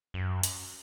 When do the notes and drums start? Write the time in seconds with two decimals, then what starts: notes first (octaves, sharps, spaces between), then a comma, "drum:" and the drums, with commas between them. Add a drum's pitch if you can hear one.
0.14 F#2
0.43 drum: hi-hat